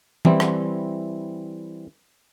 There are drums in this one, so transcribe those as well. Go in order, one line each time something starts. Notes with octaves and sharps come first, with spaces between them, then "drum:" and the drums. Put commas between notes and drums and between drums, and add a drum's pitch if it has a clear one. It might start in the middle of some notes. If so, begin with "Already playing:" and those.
E3 G3 C4 E4, drum: tom E3
drum: rim click